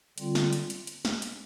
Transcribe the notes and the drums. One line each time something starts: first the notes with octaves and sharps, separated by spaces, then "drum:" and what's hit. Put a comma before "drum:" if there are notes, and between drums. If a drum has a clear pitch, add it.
D3 G3 C4 F4, drum: hi-hat
drum: snare
drum: hi-hat
drum: hi-hat
drum: hi-hat
drum: snare
drum: hi-hat